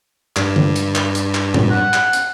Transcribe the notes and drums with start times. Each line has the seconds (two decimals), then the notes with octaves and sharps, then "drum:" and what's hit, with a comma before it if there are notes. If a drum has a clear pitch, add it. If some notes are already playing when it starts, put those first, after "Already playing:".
0.36 G2, drum: clap
0.56 drum: tom D3
0.76 drum: hi-hat
0.95 drum: clap
1.15 drum: hi-hat
1.35 drum: clap
1.54 drum: tom A2
1.71 F#5
1.94 drum: clap
2.13 drum: hi-hat